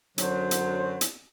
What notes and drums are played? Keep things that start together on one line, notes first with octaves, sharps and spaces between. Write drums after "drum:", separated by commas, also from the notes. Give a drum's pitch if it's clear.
F#2 D3 F#3 C5, drum: hi-hat
drum: hi-hat
drum: hi-hat